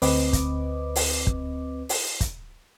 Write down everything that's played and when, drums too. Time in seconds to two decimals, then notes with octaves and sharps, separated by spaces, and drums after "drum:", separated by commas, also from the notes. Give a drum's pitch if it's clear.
0.02 D2 C4 B4 D#5 D6, drum: open hi-hat
0.33 drum: kick, hi-hat
0.96 drum: open hi-hat
1.27 drum: kick
1.89 drum: open hi-hat
2.21 drum: kick, hi-hat